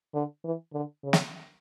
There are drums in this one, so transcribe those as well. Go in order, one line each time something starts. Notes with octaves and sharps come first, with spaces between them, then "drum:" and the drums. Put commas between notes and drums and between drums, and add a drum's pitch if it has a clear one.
D3
E3
D3
C#3
drum: snare